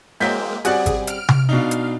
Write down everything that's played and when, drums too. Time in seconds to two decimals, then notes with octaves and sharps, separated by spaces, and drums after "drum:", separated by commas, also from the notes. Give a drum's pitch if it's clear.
0.20 E3 F#3 G#3 A#3 C4 G6 B6
0.65 C#3 G3 C4 F#4 G#4 D5 F#5, drum: hi-hat
0.86 drum: kick G#1, hi-hat
1.07 F6 D7, drum: hi-hat
1.29 drum: tom C3
1.49 B2 D4 D#4 F5
1.71 drum: hi-hat